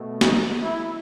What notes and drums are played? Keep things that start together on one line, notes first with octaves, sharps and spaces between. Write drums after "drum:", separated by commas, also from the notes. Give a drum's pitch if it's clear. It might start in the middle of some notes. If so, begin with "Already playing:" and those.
Already playing: B2 A3
D#4, drum: snare
E4